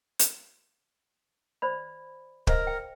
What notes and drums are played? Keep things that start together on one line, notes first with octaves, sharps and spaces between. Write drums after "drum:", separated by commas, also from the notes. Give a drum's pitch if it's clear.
drum: hi-hat
C5 D5 B5
A#4 C5 D#5 F5, drum: kick
G5